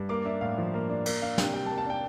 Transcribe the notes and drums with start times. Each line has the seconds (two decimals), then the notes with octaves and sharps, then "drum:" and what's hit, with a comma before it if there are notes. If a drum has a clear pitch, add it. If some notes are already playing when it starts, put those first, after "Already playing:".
Already playing: G2
0.09 A#3 D6
0.25 D4 E5
0.41 A2 F5
0.58 F3
0.74 A#3
0.89 D4
1.06 A#3 D5, drum: cymbal
1.22 D4 F5
1.38 C3 G5, drum: snare
1.54 G3 G5
1.66 A5
1.70 A#3
1.78 A5
1.86 D4 G5